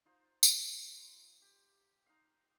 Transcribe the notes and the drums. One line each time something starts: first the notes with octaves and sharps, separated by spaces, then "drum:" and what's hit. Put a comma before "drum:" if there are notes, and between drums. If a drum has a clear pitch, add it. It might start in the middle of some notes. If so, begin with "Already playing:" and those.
D#4 F4 C5
drum: tambourine
G4
D#4 F5